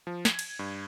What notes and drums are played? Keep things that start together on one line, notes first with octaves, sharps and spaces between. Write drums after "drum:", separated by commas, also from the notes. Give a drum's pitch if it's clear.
F3
G#6, drum: snare
drum: cymbal
G2